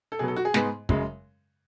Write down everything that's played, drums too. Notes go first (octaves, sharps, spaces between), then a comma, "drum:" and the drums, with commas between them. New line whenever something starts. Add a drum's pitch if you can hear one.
A4
B2 F#3 B3 G#4
A4
F#4
G#4
G#2 G#3 B3, drum: snare
F#2 C#3 G#3, drum: kick